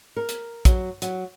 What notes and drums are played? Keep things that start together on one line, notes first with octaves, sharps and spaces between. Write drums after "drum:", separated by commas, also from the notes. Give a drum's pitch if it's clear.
A#4
drum: hi-hat
F#3, drum: kick, hi-hat
F#3, drum: hi-hat